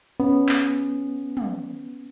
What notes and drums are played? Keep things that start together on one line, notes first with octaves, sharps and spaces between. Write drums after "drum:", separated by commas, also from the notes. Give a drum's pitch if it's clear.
B3 C#4
drum: clap
drum: tom